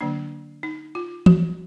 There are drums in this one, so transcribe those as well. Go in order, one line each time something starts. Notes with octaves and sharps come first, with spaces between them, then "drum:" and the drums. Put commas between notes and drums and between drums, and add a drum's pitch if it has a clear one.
D3 F#3 A#3 D4
D#4
F4
F#4, drum: tom